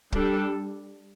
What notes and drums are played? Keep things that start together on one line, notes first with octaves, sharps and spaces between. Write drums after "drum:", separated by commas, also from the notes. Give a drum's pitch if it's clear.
G3 D4 A4, drum: kick